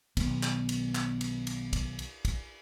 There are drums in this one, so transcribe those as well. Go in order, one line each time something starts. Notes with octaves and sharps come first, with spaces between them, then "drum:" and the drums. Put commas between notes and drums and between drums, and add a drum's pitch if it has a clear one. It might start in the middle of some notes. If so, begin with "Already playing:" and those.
B1 D#3 B3, drum: kick, cymbal
drum: clap
drum: cymbal
drum: clap
drum: cymbal
drum: cymbal
drum: kick, cymbal
drum: cymbal
drum: kick, cymbal